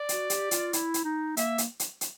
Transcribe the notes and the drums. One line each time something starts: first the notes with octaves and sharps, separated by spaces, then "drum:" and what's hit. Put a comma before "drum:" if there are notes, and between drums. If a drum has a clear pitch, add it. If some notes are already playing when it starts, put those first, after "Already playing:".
Already playing: D5
F#4, drum: hi-hat
G4, drum: hi-hat
F4, drum: hi-hat
E4, drum: hi-hat
drum: hi-hat
D#4
A#3 E5, drum: hi-hat
drum: hi-hat
drum: hi-hat
drum: hi-hat